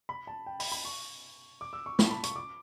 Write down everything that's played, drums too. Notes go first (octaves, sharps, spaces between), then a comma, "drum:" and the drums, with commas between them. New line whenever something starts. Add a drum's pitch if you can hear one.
B5
A5
G5
B5, drum: open hi-hat
B5
C#6
D6
E6
C#6
B5, drum: snare
A5
B5
C#6, drum: hi-hat
D6